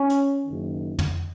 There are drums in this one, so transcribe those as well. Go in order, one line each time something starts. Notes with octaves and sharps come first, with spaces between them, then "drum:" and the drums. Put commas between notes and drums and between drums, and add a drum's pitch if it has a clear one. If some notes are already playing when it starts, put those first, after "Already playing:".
Already playing: C#4
drum: hi-hat
F#1 F#2 D#3
drum: tom